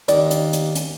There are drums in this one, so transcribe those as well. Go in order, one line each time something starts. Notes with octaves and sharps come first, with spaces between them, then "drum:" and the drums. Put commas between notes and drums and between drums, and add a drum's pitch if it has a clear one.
D#2 D5, drum: hi-hat
drum: hi-hat
drum: hi-hat
drum: hi-hat